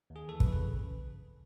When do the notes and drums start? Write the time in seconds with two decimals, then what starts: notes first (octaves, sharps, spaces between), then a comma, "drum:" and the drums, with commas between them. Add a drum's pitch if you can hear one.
0.10 D#2
0.16 G#4
0.28 E3 A4
0.40 B4, drum: kick
0.46 C#3
0.52 B4